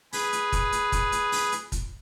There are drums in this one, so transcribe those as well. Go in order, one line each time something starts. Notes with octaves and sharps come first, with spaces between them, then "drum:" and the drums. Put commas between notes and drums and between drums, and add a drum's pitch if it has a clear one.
G#4 B4, drum: open hi-hat
drum: hi-hat
drum: kick, hi-hat
drum: hi-hat
drum: kick, hi-hat
drum: hi-hat
drum: open hi-hat
drum: hi-hat
drum: kick, hi-hat